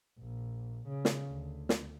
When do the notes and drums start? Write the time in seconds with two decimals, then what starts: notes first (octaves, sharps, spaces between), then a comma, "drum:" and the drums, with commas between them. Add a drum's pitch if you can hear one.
0.19 A#1
0.88 C#3
1.05 drum: snare
1.30 D2
1.69 drum: snare